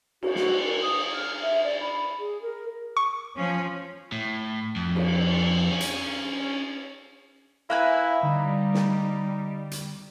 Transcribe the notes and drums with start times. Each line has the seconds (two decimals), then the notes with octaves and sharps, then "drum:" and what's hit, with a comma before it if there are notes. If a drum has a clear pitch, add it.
0.23 F#4, drum: cymbal
0.36 F#4, drum: snare
0.65 A#4
0.82 D#6
1.13 F6
1.42 E5
1.64 D5
1.80 B5
2.19 G#4
2.42 A#4
2.97 C#6
3.36 F3 C#4
4.12 A2
4.76 F2
4.95 drum: cymbal
5.71 C#4
5.80 drum: hi-hat
7.70 A#3 E4 B4 E5 F5 G#5
8.23 D3 G3 D#4
8.74 drum: snare
9.71 drum: hi-hat